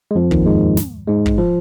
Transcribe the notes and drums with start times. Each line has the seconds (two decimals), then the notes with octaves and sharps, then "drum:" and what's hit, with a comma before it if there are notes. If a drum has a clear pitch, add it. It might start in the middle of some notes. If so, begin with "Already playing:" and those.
0.11 G#3
0.15 F2 F3
0.31 D#2 D#3, drum: kick
0.46 G#2 G#3
0.77 drum: snare
1.08 G#2 G#3
1.26 drum: kick
1.38 F3